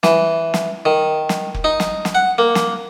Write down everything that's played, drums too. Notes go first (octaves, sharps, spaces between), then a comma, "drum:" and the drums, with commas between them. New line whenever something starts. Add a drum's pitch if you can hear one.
E3, drum: snare
drum: snare
D#3
drum: snare
drum: kick F1
D#4
drum: snare
drum: snare
F#5
A#3
drum: snare